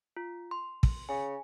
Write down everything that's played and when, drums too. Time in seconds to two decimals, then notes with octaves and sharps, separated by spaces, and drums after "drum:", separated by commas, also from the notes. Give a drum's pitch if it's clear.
0.17 F4
0.51 C6
0.83 drum: kick
1.09 C#3 G#5